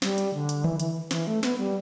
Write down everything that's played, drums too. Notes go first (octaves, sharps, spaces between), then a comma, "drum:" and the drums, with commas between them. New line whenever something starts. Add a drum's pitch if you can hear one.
G3, drum: snare
drum: hi-hat
D3
drum: hi-hat
E3, drum: tom D3
E3, drum: hi-hat
E3, drum: snare
A3
B3, drum: snare
G3